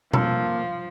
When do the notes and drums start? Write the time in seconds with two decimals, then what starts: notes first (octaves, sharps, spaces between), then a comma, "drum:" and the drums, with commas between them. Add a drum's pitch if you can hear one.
0.13 F3 A#3 A4, drum: tom B2